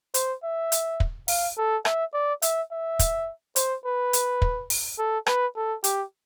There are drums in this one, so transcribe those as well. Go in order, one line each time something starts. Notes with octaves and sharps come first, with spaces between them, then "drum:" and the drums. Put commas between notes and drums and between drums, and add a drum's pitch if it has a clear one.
C5, drum: hi-hat
E5
drum: hi-hat
drum: kick
F5, drum: open hi-hat
A4
E5, drum: rim click
D5
E5, drum: hi-hat
E5
drum: kick, hi-hat
C5, drum: hi-hat
B4
drum: hi-hat
drum: kick
drum: open hi-hat
A4
B4, drum: rim click
A4
G4, drum: hi-hat